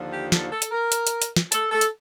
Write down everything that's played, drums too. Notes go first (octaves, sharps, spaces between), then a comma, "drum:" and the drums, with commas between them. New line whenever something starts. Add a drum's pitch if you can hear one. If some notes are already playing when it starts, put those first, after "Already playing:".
Already playing: D#2 D3 F3
G4
A4, drum: snare
A4
drum: hi-hat
A#4
drum: hi-hat
drum: hi-hat
drum: hi-hat
drum: snare
A4, drum: hi-hat
A4
drum: hi-hat